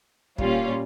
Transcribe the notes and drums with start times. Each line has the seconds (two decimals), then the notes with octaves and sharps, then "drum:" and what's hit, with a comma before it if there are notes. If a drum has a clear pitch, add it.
0.38 A#2 G3 C#4 F4, drum: kick